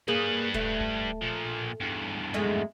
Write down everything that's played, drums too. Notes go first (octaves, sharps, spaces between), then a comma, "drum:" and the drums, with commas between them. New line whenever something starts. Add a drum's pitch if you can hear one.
G3 A#3 G#4 B4
A3, drum: kick D1
drum: kick D1
A#2 F3
E2 G2
F#2 G#3 A3